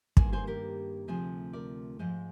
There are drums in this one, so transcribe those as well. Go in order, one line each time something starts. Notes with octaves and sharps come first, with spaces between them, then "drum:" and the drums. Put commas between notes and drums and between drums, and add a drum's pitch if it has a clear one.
G2 D#3 A#3 G#4 C5, drum: kick
G#4 C5
G4 A#4
D2 C3 F3 G#4 C5
A#4 D5
G#2 F3 G#3 C5 D#5